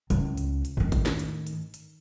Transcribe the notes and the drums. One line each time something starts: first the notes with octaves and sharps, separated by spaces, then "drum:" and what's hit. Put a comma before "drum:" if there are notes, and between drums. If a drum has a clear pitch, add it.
C#2, drum: hi-hat
drum: hi-hat
drum: hi-hat
A2 D#3, drum: tom E2
drum: kick G#1, hi-hat
drum: snare
drum: hi-hat
drum: hi-hat
drum: hi-hat